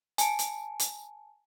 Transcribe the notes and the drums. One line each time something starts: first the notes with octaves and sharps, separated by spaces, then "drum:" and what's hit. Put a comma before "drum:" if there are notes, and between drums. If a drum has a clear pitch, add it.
G#5 A5, drum: hi-hat
drum: hi-hat
drum: hi-hat